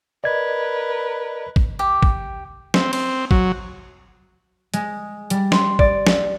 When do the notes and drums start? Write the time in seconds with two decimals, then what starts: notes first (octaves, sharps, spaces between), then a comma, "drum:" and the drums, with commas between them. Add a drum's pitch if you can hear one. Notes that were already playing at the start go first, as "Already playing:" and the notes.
0.24 A#4 B4 D5 D#5 G#6
1.56 drum: kick
1.79 G4 D6
2.03 drum: kick
2.74 C4, drum: snare
2.93 C4, drum: cymbal
3.31 F#3, drum: kick
4.74 G#3, drum: hi-hat
5.30 G3, drum: hi-hat
5.52 C6, drum: snare
5.79 D5, drum: kick
6.07 drum: snare